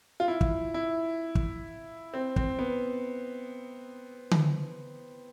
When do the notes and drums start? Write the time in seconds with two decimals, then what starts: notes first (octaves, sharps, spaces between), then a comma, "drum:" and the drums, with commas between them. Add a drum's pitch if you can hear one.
0.20 F4
0.28 E4
0.41 drum: kick
0.74 E4
1.35 drum: kick
2.14 C4
2.36 C4, drum: kick
2.59 B3
4.31 drum: tom D3